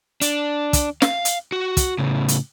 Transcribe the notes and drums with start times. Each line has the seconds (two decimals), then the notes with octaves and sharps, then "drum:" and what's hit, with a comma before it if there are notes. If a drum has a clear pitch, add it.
0.21 D4, drum: hi-hat
0.73 drum: kick, hi-hat
1.02 F5, drum: snare
1.25 drum: hi-hat
1.52 F#4
1.77 drum: kick, hi-hat
1.99 A2 C#3
2.28 drum: hi-hat